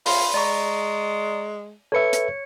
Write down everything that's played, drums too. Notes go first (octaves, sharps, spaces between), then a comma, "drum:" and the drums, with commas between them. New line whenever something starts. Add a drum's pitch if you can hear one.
F4 B5 C6, drum: open hi-hat
G#3 D5 A#5 C#6
A4 B4 C#5 E5 C#7
drum: hi-hat